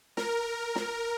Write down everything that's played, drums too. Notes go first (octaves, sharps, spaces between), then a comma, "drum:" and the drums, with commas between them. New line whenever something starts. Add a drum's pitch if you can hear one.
A#4, drum: snare
drum: snare